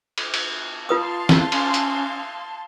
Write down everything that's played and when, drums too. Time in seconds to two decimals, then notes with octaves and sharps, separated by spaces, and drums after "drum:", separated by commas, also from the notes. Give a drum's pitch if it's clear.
0.18 drum: cymbal
0.34 drum: cymbal
0.89 F4 B4 F5 A5 C6 D#6
1.29 drum: snare
1.52 C#4, drum: cymbal
1.74 drum: hi-hat